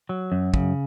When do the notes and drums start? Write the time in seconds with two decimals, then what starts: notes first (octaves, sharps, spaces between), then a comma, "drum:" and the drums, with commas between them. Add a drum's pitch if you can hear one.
0.09 F#3
0.32 F#2
0.54 C#3, drum: kick